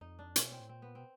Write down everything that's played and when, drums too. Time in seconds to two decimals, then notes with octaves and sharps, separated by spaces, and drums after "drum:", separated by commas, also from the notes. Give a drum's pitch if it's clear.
0.01 F2 D#4
0.19 D4
0.36 B2 C#4, drum: hi-hat
0.52 C4
0.60 A2
0.69 A#2 C4
0.82 B3
0.95 B2 C4